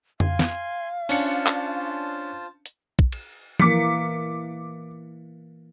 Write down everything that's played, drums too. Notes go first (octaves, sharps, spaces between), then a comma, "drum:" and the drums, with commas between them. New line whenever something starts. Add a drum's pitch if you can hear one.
F5 G#5 C6, drum: tom F2
drum: snare
C#4 D4 F4 C5 A5 C#7, drum: open hi-hat
drum: clap
drum: hi-hat
drum: kick
drum: cymbal
E3 A#3 D6 B6 C#7, drum: tom F3